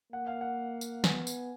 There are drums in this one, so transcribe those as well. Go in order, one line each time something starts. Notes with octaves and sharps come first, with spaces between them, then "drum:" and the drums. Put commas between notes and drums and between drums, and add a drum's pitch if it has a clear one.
A#3 F#5
F5
F#5
drum: tambourine
B3 G#5, drum: snare
drum: tambourine